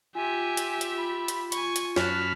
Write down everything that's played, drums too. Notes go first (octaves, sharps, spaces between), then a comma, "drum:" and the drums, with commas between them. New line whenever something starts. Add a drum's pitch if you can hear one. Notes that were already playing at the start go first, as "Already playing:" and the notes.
F4 G4 E5 G#5
drum: hi-hat
drum: hi-hat
B5
drum: hi-hat
G#5 C#6, drum: hi-hat
drum: hi-hat
F#2 A5 B5 F6 F#6, drum: snare